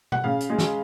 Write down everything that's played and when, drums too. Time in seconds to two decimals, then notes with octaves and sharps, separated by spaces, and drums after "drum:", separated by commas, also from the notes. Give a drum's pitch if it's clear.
0.12 F#5, drum: tom B2
0.24 C#3 F5
0.40 drum: hi-hat
0.50 G#3
0.59 drum: snare